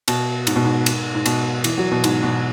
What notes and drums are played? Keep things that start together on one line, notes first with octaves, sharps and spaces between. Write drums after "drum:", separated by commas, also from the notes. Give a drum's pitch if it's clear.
B2, drum: cymbal
G#2, drum: cymbal
B2
G#2
drum: cymbal
G#2
B2, drum: cymbal
E3, drum: cymbal
F#3
B2
G#2, drum: cymbal
B2